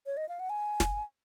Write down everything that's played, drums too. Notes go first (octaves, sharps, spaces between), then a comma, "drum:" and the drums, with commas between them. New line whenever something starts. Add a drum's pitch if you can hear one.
C#5
D#5
F5
F#5
G#5
drum: snare